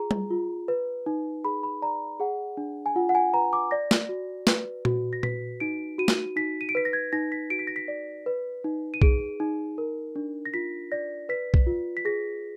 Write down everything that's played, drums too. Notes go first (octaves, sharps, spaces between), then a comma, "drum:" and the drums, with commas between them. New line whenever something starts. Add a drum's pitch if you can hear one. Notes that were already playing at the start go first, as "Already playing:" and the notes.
Already playing: F4 G#4 A#5
drum: tom G3
F4
B4
D#4
G#4 B5
B5
D5 A#5
G#4 F#5
D4
G#5
F4 F#5
F#5
G#5
B4 A#5
D6
D5 A#6
drum: snare
F#4
B4, drum: snare
F#4, drum: tom A#2
A#6
B4 B6, drum: tom A#2
D#4 D7
F#4 D#7
drum: snare
D#4 B6
D#7
D7
B4 B6
A#6
G#6
D#4 A#6
B6
F#4 D7
B6
A#6
B6
D5
B4
D#4
D#7
G#4 D7, drum: kick B1
D#4
A#4
D4
A#6
F4 B6
D5 A#6
B4 B6
drum: kick B1
F4
B6
G#4 A#6